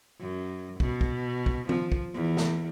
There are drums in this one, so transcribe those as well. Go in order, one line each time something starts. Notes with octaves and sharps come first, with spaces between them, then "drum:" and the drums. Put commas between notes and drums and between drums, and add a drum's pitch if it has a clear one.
F#2
B2, drum: kick
drum: kick
drum: kick
F3, drum: tom
drum: kick
E2
drum: snare